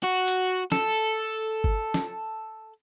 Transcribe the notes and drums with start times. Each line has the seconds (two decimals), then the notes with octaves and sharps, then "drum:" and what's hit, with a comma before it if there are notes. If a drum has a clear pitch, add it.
0.04 F#4
0.28 drum: hi-hat
0.72 A4, drum: snare
1.64 drum: kick G1
1.94 drum: snare